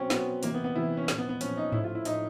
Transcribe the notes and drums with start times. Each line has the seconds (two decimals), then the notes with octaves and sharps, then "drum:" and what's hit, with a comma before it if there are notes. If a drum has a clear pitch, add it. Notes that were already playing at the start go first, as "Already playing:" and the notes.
Already playing: B2 F#3 C4 C#4
0.10 B2 F#3 B3, drum: snare
0.43 C3 E3 A#3, drum: hi-hat
0.54 B3
0.64 B3
0.75 C3 E3 E4
0.97 C#4
1.08 A#2 F3, drum: snare
1.18 B3
1.29 B3
1.41 A#2 F3 C#4, drum: hi-hat
1.57 D#4
1.72 A2 F3 E4, drum: tom G#2
1.84 F4
1.95 E4
2.05 A2 F3 D#4, drum: hi-hat